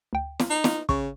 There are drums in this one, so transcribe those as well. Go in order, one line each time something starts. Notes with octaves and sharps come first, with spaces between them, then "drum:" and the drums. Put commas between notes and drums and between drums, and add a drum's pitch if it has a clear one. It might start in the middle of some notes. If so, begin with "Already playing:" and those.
D2 G5
drum: snare
D#4
drum: snare
C#3 C#6, drum: kick